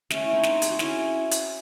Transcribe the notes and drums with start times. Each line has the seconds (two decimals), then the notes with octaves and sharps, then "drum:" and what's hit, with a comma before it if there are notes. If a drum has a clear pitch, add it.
0.10 A3 C#4, drum: snare
0.24 E4
0.33 C4 D#4
0.43 C5, drum: snare
0.52 A4
0.62 G#4, drum: hi-hat
0.70 F#4
0.79 C#4 E4, drum: snare
1.31 drum: hi-hat